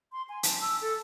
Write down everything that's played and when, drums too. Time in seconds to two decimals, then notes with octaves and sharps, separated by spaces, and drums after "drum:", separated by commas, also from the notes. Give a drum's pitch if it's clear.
0.12 C6
0.29 G#5
0.43 A5, drum: hi-hat
0.61 E6
0.81 A4